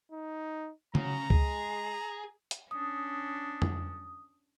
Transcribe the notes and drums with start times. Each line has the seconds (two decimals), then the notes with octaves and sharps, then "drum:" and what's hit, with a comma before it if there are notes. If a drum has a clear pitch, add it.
0.12 D#4
0.95 C#3 F#3 A#5, drum: tom C#3
1.30 G#3 G#4, drum: kick C#2
2.51 drum: hi-hat
2.71 C#4 D4 D#6
3.62 drum: tom F2